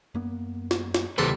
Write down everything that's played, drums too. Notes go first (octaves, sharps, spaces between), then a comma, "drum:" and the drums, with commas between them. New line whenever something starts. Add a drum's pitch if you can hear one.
F#2 A#3 B3
drum: snare
drum: snare
E2 C#3 G3 A4 B4 C5 C6